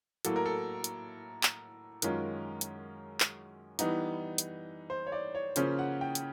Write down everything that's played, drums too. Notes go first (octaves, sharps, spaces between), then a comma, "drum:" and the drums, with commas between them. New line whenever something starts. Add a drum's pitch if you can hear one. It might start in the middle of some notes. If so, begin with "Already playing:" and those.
A2 F#3 A#3 A4, drum: hi-hat
A#4
A4
drum: hi-hat
drum: clap
F#2 D#3 G#3 C#4 F4 A#4, drum: hi-hat
drum: hi-hat
drum: clap
E3 G3 B3 D#4, drum: hi-hat
drum: hi-hat
C5
C#5
D5
C#5
C#3 F3 A#3 C#4 F4 C5, drum: hi-hat
F#5
G5
drum: hi-hat